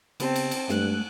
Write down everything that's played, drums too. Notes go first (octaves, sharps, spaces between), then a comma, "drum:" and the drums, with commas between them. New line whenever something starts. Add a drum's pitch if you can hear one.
C#3 B3 C4 G4 A5, drum: cymbal
drum: cymbal
drum: cymbal
G2 G#3 A3 F#6, drum: snare